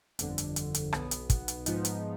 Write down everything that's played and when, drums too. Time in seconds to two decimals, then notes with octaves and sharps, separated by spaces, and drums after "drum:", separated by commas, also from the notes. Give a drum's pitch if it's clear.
0.19 G1 F2 D3, drum: hi-hat
0.38 drum: hi-hat
0.56 drum: hi-hat
0.75 drum: hi-hat
0.93 B1 B2 B3, drum: rim click
1.11 drum: hi-hat
1.30 drum: kick, hi-hat
1.48 drum: hi-hat
1.66 G#2 F3 B3 D#4, drum: hi-hat
1.85 drum: hi-hat